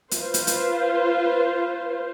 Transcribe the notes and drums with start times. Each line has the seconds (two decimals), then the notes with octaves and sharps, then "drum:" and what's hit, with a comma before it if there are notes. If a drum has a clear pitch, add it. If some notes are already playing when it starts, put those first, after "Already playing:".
0.11 F4 B4 C5, drum: hi-hat
0.34 drum: hi-hat
0.47 drum: hi-hat